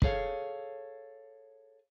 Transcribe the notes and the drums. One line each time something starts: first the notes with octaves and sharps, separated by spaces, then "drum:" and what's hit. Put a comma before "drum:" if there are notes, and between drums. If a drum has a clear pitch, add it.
G#4 A4 C#5 F5, drum: kick